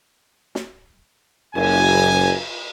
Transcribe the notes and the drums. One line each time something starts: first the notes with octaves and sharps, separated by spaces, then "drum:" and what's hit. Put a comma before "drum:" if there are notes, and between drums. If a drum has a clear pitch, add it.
drum: snare
F#1 F#2 G#5, drum: cymbal